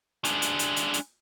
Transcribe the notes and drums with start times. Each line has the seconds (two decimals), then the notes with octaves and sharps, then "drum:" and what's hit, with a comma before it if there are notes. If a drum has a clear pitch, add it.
0.25 G#3 D4, drum: hi-hat
0.42 drum: hi-hat
0.59 drum: hi-hat
0.76 drum: hi-hat
0.94 drum: hi-hat